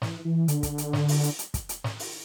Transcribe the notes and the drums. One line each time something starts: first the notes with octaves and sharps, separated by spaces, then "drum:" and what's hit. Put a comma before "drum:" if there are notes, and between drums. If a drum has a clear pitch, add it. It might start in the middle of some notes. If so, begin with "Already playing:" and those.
E3, drum: snare
E3
D3, drum: hi-hat
drum: kick, hi-hat
drum: hi-hat
drum: snare
drum: open hi-hat
drum: hi-hat
drum: hi-hat
drum: kick, hi-hat
drum: hi-hat
drum: snare
drum: open hi-hat